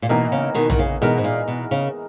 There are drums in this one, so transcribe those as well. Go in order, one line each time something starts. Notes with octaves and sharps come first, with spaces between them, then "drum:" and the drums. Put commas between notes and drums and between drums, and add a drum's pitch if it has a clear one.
A#2
B2 E3 A#3 D#4 A#4
C#3
B2 D#3
D#3, drum: tom A#1
C#3
B2 E3 G#3 D#4 A#4
G#2
A#2
B2
C#3